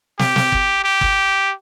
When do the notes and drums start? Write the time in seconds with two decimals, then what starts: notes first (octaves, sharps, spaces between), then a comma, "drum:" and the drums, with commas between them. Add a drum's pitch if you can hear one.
0.19 G4, drum: snare
0.36 drum: snare
0.52 drum: kick
0.84 G4
1.01 drum: kick